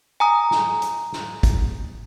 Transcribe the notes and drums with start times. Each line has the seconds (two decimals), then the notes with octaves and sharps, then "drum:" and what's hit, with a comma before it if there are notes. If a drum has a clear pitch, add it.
0.20 G#5 A#5 D#6
0.51 drum: snare
0.82 drum: hi-hat
1.13 drum: snare
1.43 drum: kick, hi-hat